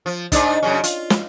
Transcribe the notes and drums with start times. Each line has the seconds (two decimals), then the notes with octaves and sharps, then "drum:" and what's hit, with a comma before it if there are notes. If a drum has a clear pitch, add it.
0.06 F3
0.32 G#2 D4 D#4, drum: kick, hi-hat
0.63 F#2 C#3 C#4
0.84 F4, drum: hi-hat
1.10 drum: snare